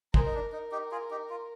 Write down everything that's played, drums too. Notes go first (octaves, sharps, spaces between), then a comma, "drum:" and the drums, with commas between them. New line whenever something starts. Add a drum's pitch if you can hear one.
G#4 A#4 C5, drum: kick
D#4
D4
D#4 A#4
D#4 G4
F4 G#4
D#4 G4
F4